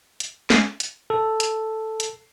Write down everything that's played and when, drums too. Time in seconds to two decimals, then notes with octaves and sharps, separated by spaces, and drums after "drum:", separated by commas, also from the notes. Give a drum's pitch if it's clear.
0.20 drum: hi-hat
0.50 drum: snare
0.80 drum: hi-hat
1.10 A4
1.40 drum: hi-hat
2.00 drum: hi-hat